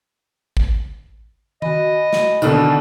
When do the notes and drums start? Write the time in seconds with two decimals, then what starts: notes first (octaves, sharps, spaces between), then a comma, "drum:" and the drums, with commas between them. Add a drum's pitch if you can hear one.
0.57 drum: kick
1.62 F#4 D#5 G#5 B5, drum: tom D#3
2.13 drum: snare
2.42 B2 D3 D#3, drum: tambourine